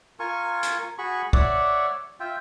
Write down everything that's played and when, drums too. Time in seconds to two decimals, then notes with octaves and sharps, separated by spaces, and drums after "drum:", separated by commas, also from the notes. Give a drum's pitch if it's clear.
0.20 F4 A#4 G#5 C#6
0.63 drum: hi-hat
0.98 F#4 G#4 B5 C#6
1.33 C#5 D5 E5 F#5, drum: kick B1
2.20 F4 E5 G5